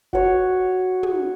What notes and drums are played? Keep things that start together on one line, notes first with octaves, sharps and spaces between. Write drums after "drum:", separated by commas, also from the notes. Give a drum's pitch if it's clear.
F#4 C#5, drum: kick
drum: tom